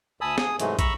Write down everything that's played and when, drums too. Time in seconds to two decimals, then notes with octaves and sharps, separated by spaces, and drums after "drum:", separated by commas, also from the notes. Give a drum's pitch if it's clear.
0.21 D2 G#5 A5 B5 D#6 E6
0.38 G#4 D#6, drum: snare
0.60 G#2 C3 E3 F#3 G#3 A3, drum: hi-hat
0.79 A#5 B5 C#6 E6, drum: kick, hi-hat